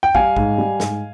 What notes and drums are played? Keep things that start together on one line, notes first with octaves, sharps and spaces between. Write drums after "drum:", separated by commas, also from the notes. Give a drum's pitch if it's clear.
G5
G3 F5 G#5, drum: kick
G#2, drum: kick
G3
G#2, drum: snare